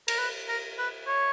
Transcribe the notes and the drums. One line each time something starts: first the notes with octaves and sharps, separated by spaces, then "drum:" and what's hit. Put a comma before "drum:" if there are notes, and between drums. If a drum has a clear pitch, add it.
A#4, drum: cymbal
B4
A#4
B4
C#5